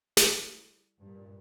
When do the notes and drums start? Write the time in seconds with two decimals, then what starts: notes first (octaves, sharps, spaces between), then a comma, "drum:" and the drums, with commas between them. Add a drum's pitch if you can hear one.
0.17 G3 E4 A4, drum: snare
1.01 G2 A#2